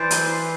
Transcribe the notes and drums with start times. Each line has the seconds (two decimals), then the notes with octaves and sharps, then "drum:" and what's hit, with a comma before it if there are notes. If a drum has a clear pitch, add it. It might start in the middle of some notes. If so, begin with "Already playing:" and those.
Already playing: E3 C5 D5
0.11 drum: hi-hat